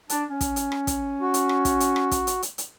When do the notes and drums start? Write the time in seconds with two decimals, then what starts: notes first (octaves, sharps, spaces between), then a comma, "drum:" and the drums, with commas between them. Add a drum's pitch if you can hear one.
0.10 D4, drum: hi-hat
0.30 C#4
0.41 drum: kick, hi-hat
0.56 drum: hi-hat
0.72 drum: rim click
0.87 drum: kick, hi-hat
1.21 F#4
1.34 drum: hi-hat
1.49 drum: rim click
1.65 drum: kick, hi-hat
1.80 drum: hi-hat
1.96 drum: rim click
2.11 drum: kick, hi-hat
2.27 drum: hi-hat
2.42 drum: hi-hat
2.58 drum: hi-hat